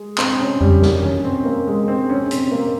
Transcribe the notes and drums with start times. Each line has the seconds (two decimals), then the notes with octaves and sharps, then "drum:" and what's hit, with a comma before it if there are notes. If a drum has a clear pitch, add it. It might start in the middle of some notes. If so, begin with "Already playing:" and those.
Already playing: G#3
0.18 C4, drum: clap
0.39 C#4
0.61 G3, drum: tom F2
0.82 A#3, drum: snare
1.03 C#4, drum: tom
1.24 C4
1.45 A#3
1.67 G#3
1.88 C4
2.09 C#4
2.31 C4, drum: hi-hat
2.51 A#3